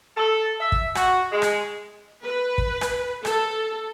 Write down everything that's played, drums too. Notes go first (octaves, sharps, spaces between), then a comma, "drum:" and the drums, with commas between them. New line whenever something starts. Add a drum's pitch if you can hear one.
A4
E5
drum: kick
F#4, drum: rim click
G#3
drum: rim click
B4
drum: kick
drum: rim click
A4, drum: rim click